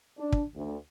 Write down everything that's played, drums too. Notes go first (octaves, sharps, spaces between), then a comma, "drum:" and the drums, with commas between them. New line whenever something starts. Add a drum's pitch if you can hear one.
D4
drum: kick
D2